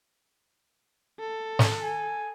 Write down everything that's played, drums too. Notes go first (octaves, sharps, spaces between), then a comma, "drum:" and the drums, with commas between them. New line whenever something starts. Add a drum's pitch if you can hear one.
A4
drum: snare
G#5